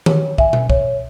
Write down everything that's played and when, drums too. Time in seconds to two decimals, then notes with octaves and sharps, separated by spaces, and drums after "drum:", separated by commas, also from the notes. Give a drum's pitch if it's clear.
0.06 C#5, drum: tom D#3
0.38 E5 G#5, drum: kick
0.53 drum: tom B2
0.70 C#5, drum: kick